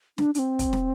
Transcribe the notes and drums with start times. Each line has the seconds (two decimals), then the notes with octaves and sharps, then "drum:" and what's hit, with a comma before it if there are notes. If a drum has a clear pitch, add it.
0.18 D4, drum: snare
0.35 D4, drum: hi-hat
0.39 C4
0.59 drum: kick, hi-hat
0.73 drum: snare